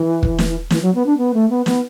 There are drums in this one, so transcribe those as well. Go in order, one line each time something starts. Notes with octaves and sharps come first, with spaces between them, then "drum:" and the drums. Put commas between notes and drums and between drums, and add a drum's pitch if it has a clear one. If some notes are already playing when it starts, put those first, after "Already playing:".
Already playing: E3
drum: kick
drum: snare
E3, drum: snare
F#3
B3
D4
B3
A3
B3
B3, drum: snare